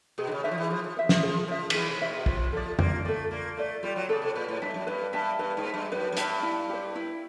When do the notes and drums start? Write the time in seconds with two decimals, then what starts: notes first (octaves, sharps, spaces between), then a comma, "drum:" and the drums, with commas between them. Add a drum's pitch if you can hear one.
0.18 B2 G#4
0.27 D3
0.32 C#3
0.44 D3 C5 E5
0.51 F3
0.58 E3
0.70 F3 G#4
0.84 F3
0.97 C5 E5
1.09 F3, drum: snare
1.23 F3 G#4
1.48 F3 C5 E5
1.70 D#3, drum: cymbal
1.75 E3 G#4
1.88 C3
2.01 C3 C5 E5
2.08 A#2
2.13 B2
2.26 C3 F4, drum: kick
2.52 F3 A4 D5
2.79 A#3 F4, drum: tom F2
3.05 A3 A4 D5
3.31 A#3 F4
3.57 A3 A4 D5
3.83 G3 F4
3.96 F#3
4.09 C#3 A4 D5
4.22 C3
4.36 A#2 B4
4.48 A2
4.62 G2 E5 A5
4.74 F#2
4.87 G2 B4
5.13 G2 E5 A5
5.39 G2 B4
5.57 G#2
5.65 E5 A5
5.74 G2
5.92 F#2 B4
6.12 F#2
6.17 G2 E5 A5, drum: hi-hat
6.43 E4
6.70 G4 C5
6.96 E4